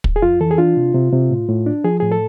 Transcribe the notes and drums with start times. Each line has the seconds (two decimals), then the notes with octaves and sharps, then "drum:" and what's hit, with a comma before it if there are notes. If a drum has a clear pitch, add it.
0.04 drum: kick
0.16 G#4
0.22 F2 F4
0.40 E3 A4
0.51 G#4
0.58 D4 F4
0.77 C3
0.95 C3
1.12 C3
1.30 A2
1.49 A2
1.66 D4
1.84 F3 G#4
2.00 A2 G#4
2.11 A4